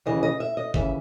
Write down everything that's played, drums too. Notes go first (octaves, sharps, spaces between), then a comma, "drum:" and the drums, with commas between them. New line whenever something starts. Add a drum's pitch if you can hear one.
D#2 C#3 E3 D#5
D#5
E5
D#5
D#2 C#3 E3 E5, drum: kick